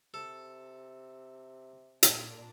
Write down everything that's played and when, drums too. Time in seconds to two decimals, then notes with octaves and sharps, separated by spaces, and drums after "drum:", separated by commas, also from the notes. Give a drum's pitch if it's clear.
0.14 C3 A4
2.03 A#2 D4, drum: hi-hat